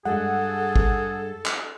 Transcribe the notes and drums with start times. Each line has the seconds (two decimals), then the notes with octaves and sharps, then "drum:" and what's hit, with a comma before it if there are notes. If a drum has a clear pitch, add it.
0.05 G2 G3 G#3 G#4 A4 F#5
0.76 drum: kick
1.46 drum: clap